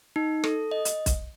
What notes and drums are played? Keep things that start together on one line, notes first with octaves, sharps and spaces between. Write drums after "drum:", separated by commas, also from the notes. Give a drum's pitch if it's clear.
D#4
A4, drum: rim click
D#5
drum: hi-hat
drum: kick, hi-hat